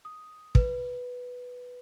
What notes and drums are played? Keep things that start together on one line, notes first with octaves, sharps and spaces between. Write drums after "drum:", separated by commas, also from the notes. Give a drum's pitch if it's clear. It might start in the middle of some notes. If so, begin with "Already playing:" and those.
D#6
B4, drum: kick